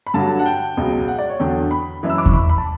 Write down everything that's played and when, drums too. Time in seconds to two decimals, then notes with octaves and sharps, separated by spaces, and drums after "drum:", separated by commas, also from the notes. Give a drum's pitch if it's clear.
0.07 B5
0.14 G2 D3 F#3 A5
0.39 F#5
0.46 G5
0.77 C#2 B2 F#3
1.08 F#5
1.18 D5
1.29 C#5
1.40 E2 D3 F#3 G5
1.71 B5
2.03 F#2 E3
2.10 E6
2.18 D6
2.26 C#6, drum: kick E2
2.33 B5
2.49 B5
2.58 A5